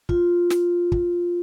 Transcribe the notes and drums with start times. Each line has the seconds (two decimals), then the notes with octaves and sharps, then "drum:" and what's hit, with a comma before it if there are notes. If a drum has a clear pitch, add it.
0.09 F4, drum: kick
0.50 drum: snare
0.92 drum: kick